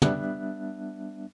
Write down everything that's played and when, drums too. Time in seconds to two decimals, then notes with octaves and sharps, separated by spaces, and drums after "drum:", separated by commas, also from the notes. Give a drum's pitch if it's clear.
0.02 G3 B3 D4 E5 F#6, drum: tom